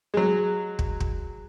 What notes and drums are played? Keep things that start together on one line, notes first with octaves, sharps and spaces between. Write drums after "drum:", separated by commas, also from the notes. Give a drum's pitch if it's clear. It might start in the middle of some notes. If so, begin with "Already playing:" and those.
F#3 G#3
drum: kick
drum: kick